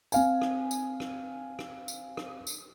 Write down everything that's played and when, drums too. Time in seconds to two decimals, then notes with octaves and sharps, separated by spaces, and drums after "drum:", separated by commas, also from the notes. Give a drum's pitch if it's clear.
0.12 C4 F5 G#5, drum: tambourine
0.42 drum: rim click
0.71 drum: tambourine
1.00 drum: rim click
1.59 drum: rim click
1.88 drum: tambourine
2.17 drum: rim click
2.47 drum: tambourine